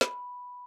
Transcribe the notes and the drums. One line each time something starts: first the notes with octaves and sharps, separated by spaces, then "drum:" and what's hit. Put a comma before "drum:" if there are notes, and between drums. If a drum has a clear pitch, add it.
B5, drum: snare